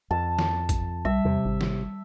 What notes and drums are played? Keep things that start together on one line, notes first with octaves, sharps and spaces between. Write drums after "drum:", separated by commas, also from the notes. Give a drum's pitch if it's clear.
F2 A5
drum: snare
drum: kick A1, hi-hat
B1 G3 E5
E2 C3
G#1
drum: snare